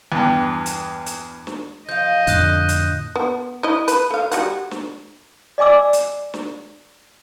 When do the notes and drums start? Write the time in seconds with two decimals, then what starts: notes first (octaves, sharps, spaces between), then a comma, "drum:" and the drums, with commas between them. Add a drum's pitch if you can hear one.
0.12 E2 G2
0.66 drum: hi-hat
1.06 drum: hi-hat
1.47 drum: snare
1.89 F3 D#5 F5 G6
2.27 F2 A2 D3 D#6 F#6 G6, drum: hi-hat
2.69 drum: hi-hat
3.16 B3
3.63 E4 D#5
3.88 B4, drum: hi-hat
4.10 A3 F5
4.31 G3 F#4 F#5, drum: hi-hat
4.71 drum: snare
5.58 D5 D#5 G#5 D6 E6
5.93 drum: hi-hat
6.34 drum: snare